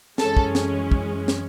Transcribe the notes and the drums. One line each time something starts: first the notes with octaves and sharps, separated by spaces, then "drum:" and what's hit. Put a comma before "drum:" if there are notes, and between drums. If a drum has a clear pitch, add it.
F#2 E3 G#3 C#4 A4, drum: snare
drum: kick
drum: snare
drum: kick
drum: snare